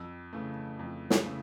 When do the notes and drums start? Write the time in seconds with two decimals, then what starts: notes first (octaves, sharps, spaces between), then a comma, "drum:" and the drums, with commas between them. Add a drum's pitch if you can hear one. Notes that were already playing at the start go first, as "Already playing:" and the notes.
Already playing: F2 E6
0.33 C#3 E3 A3
0.79 F2
1.10 drum: snare
1.26 C#3 E3 A3